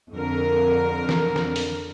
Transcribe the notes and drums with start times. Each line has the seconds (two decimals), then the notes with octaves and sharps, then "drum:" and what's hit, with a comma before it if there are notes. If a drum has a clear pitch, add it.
0.13 F2 D3 A#4
1.09 drum: snare
1.36 drum: snare
1.56 drum: open hi-hat